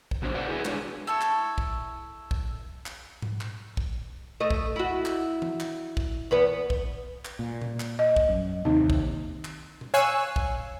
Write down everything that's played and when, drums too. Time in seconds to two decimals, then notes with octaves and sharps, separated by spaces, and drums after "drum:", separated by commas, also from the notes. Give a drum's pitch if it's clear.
0.11 drum: kick
0.22 C#3 F#3 B3 D4 A4 C5
0.34 F#4 B4 C5 D5 F5 F#5
0.48 E4 G#4 A#4 B4 E5
0.65 G#3 D4 F#4 B4 C#5, drum: clap
1.07 E4 A4 C#6
1.21 drum: clap
1.58 drum: kick
2.31 drum: kick
2.86 drum: clap
3.22 drum: tom G#2
3.41 drum: clap
3.77 drum: kick
4.40 A3 D#5
4.51 drum: kick
4.76 E4 F#4
5.05 drum: clap
5.42 drum: tom
5.60 drum: clap
5.97 drum: kick
6.31 E2 B3 B4
6.70 drum: kick
7.25 drum: clap
7.39 A#2
7.62 drum: tom B2
7.80 drum: clap
7.99 D#5
8.16 drum: kick
8.29 F#2
8.65 D#2 C3 D#4
8.90 drum: kick
9.45 drum: clap
9.81 drum: tom B2
9.94 C#5 F5 G#5 C#6 E6 F#6
10.36 drum: kick